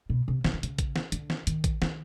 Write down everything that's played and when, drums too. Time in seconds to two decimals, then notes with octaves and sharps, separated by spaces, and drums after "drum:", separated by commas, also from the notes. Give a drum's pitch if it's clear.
0.10 B2
0.28 C3
0.44 C#3, drum: snare
0.54 D3
0.63 C#3, drum: hi-hat
0.78 drum: kick A#1, hi-hat
0.96 drum: snare
1.12 D3, drum: hi-hat
1.30 drum: snare
1.47 D#3, drum: hi-hat
1.64 drum: kick A#1, hi-hat
1.82 D#3, drum: snare